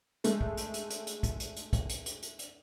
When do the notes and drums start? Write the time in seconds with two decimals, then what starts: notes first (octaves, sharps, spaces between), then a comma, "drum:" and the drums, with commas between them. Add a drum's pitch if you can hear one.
0.24 G#3 A3, drum: hi-hat
0.41 drum: kick
0.57 drum: hi-hat
0.74 drum: hi-hat
0.90 drum: hi-hat
1.07 drum: hi-hat
1.23 drum: kick, hi-hat
1.40 drum: hi-hat
1.56 drum: hi-hat
1.73 drum: kick, hi-hat
1.89 drum: hi-hat
2.06 drum: hi-hat
2.22 drum: hi-hat
2.39 drum: hi-hat